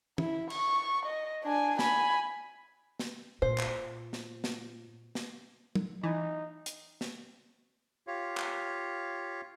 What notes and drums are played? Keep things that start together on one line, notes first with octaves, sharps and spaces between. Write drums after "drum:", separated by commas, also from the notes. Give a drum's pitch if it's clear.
E4, drum: tom
C#6, drum: cymbal
D#5
D4 G#5
G#5 B5, drum: snare
drum: snare
A#2 C5
drum: clap
drum: snare
drum: snare
drum: snare
drum: tom
E3 D#4
drum: hi-hat
drum: snare
F4 G4 C#5 F5
drum: clap